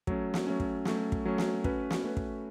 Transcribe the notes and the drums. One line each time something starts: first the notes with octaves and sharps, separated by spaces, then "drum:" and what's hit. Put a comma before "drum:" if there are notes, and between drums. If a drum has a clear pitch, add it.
F#3 A3 C#4, drum: kick
drum: snare
F#3 A3 C#4
drum: kick
F#3 A3 C#4, drum: snare
drum: kick
F#3 A3 C#4
drum: snare
A3 C#4 F#4 B4, drum: kick
drum: snare
A3 C#4 F#4 B4
drum: kick